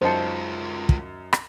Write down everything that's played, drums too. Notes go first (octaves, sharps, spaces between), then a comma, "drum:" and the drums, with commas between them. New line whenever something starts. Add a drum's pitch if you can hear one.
F#2 G#3 D#4 F4 C5 A5 C#7
drum: kick
drum: rim click